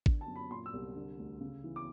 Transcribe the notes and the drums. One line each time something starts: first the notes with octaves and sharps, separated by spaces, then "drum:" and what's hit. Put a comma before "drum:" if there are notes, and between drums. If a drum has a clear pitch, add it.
D3, drum: kick A1
A5
F#2
B5
A#2 C6
E6
C2
D3
D2
C#3
E3
D6